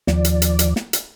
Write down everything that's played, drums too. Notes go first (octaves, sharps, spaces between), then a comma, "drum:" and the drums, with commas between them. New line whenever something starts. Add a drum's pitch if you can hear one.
D#2 F3 D5, drum: snare
drum: hi-hat
drum: hi-hat
drum: hi-hat
drum: snare
drum: hi-hat